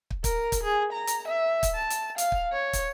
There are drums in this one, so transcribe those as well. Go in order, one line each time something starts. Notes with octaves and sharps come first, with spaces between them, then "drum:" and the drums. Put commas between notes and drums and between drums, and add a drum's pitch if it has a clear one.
drum: kick
A#4, drum: kick, hi-hat
drum: kick, hi-hat
G#4
A#5
drum: hi-hat
E5
drum: kick, hi-hat
A5
drum: hi-hat
F5, drum: hi-hat
drum: kick
C#5
drum: kick, hi-hat